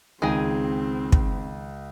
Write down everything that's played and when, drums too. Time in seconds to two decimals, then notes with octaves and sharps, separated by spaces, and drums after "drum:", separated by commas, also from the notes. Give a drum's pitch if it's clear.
0.22 C#2 D#3 C4 G#4
1.12 drum: kick